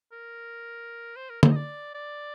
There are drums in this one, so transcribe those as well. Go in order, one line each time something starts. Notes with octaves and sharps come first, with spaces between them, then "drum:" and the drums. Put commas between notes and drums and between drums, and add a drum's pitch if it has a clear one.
A#4
C5
A#4
C5, drum: tom
D#5
D5
D5